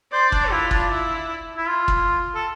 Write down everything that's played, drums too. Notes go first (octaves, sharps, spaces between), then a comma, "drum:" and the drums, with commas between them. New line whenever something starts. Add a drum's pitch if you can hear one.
C5 D5
D4, drum: kick
E4 F4
D4, drum: kick
E4
E4
F4
drum: kick
A4